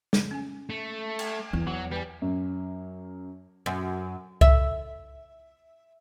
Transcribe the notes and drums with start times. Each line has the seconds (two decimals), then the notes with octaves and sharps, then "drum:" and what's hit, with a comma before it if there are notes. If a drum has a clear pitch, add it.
0.13 drum: snare
0.31 C#4 G#5
0.70 A3
1.19 drum: cymbal
1.53 E2 E4
1.67 E3 F#3
1.91 G3 B4 G#5
2.22 F#2
3.66 F#2
4.41 E5, drum: kick C2